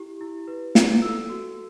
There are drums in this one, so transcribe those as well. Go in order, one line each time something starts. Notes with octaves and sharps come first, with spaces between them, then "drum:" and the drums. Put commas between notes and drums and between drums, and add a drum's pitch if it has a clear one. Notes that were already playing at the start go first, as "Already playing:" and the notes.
Already playing: E4 G4
E4
B4
E4, drum: snare
A4 E6
F#4